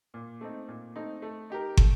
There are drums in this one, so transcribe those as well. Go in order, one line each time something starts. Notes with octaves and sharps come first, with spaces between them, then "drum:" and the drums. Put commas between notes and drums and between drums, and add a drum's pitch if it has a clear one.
A#2
A3 C4 D#4
A#2
A3 C4 D#4
A3
D#4 G4 A#4
A3, drum: kick